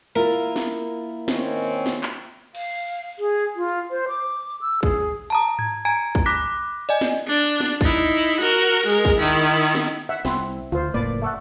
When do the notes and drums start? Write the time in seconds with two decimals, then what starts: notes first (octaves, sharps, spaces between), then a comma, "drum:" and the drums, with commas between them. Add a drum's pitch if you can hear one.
0.16 A#3 E4 F4 A#4
0.33 drum: hi-hat
0.56 drum: snare
1.28 D#3 C4 C#4, drum: snare
1.86 drum: snare
2.03 drum: clap
2.55 F5, drum: cymbal
3.19 G#4, drum: hi-hat
3.56 F4
3.91 C5
4.09 D6
4.61 E6
4.83 G#4, drum: kick
5.30 A5 A#5 D#6
5.59 G#6, drum: tom G#2
5.85 G#5 A#5 G#6 D7
6.15 drum: kick
6.26 B5 D6 F#6 A#6 B6
6.89 D5 D#5 G#5
7.01 drum: snare
7.27 D4
7.60 drum: snare
7.81 D#4 E4, drum: kick
8.40 F#4 A#4
8.86 G#3 A#4
9.05 drum: kick
9.18 D#3 E4
9.75 drum: snare
10.09 E5 F#5
10.25 C2 C4 E4, drum: snare
10.72 D2 F4 C5
10.94 F#1 A2 A#3 B4 D5
11.22 A3 A4 F#5